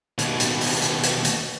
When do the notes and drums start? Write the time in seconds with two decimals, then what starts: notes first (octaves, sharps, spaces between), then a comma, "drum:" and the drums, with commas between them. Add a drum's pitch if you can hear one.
0.18 D#2 B2, drum: hi-hat
0.40 drum: hi-hat
0.61 drum: open hi-hat
0.82 drum: hi-hat
1.03 drum: hi-hat
1.25 drum: hi-hat